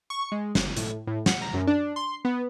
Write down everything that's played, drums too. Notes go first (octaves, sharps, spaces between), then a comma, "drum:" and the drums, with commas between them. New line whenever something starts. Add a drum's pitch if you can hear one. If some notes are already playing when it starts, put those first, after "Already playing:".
C#6
G#3
G1, drum: snare
A2, drum: hi-hat
A2
F#5, drum: snare
A#5
F#2
D4
C6
B3